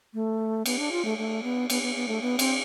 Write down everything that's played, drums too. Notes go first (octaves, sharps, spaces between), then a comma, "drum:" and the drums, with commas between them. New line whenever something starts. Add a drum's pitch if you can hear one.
A3
B3, drum: cymbal
D4
F4
A3
A3
B3
B3, drum: cymbal
B3
B3
A3
B3
C4, drum: cymbal